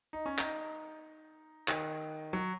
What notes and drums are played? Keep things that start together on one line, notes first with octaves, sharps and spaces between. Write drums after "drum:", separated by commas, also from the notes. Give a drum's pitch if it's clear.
D#4
C#4
D#4, drum: clap
D#3, drum: clap
F#3